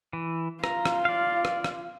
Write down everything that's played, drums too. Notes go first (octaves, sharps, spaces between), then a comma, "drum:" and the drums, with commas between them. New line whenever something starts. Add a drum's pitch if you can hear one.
E3
F4 A#5, drum: rim click
drum: rim click
D5 F5
drum: rim click
drum: rim click